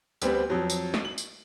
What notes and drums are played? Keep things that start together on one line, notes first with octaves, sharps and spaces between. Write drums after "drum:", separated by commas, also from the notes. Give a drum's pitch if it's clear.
D2 G3 B3 C4, drum: tambourine
F2 F#3
drum: tambourine
drum: snare
F#7
drum: tambourine